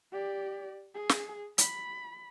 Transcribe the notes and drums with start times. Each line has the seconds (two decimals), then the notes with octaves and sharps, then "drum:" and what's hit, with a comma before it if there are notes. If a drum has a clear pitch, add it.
0.12 G4 D5
0.95 G#4
1.09 drum: snare
1.58 B5, drum: hi-hat